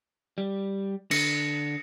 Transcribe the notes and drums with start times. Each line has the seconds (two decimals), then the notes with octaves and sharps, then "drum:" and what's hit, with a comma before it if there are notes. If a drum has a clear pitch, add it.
0.38 G3
1.11 D3 A#6 C#7, drum: cymbal